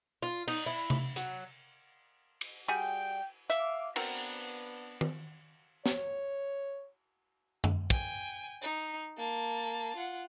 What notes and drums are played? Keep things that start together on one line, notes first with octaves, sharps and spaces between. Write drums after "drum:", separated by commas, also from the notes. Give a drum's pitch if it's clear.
F4
D#4, drum: cymbal
E4
drum: tom C3
F#3, drum: hi-hat
drum: cymbal
G3 F#4 G#4 G5
E5 F5 D6, drum: hi-hat
B3 C4 D4 F#4 A#4 B4, drum: cymbal
drum: tom D#3
C#5, drum: snare
drum: tom F#2
G5 G#5, drum: kick
D#4
A#3 A5
F4 F#5